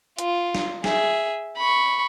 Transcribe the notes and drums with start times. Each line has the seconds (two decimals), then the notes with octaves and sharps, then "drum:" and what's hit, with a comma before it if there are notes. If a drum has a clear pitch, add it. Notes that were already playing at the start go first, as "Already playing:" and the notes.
0.19 F4, drum: hi-hat
0.55 drum: snare
0.84 G#4 E5, drum: snare
1.58 B5 C#6